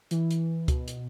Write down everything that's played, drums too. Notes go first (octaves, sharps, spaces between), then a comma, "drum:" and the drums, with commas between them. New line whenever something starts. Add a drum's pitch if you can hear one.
E3, drum: hi-hat
drum: hi-hat
B2, drum: kick C#2, hi-hat
drum: hi-hat